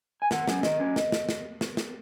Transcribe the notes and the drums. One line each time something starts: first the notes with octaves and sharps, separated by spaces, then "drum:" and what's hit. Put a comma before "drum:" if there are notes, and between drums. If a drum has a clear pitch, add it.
G#5
D#3 F#5, drum: snare
F#3 C#4, drum: snare
D#3 D#5, drum: snare
F#3 C#4
drum: snare
drum: snare
drum: snare
drum: snare
drum: snare